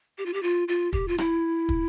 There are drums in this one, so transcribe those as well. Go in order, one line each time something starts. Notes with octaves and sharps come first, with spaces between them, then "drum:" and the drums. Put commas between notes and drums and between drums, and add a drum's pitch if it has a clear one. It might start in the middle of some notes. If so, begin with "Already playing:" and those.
G4
F4
G4
F4
F4
G4, drum: kick
F4
E4, drum: rim click
drum: kick